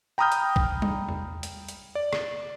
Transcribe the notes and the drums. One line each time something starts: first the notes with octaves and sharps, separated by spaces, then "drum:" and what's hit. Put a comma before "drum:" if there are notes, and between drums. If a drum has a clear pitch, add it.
G5 A#5 B5 D#6 F6 G6
drum: hi-hat
drum: kick A#1
drum: tom G3
drum: tom E2
drum: hi-hat
drum: hi-hat
D5
drum: rim click